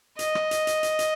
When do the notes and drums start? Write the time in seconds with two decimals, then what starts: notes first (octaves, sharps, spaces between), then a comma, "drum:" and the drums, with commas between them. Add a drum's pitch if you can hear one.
0.19 D#5, drum: hi-hat
0.35 drum: rim click
0.51 drum: hi-hat
0.67 drum: hi-hat
0.83 drum: hi-hat
0.99 drum: hi-hat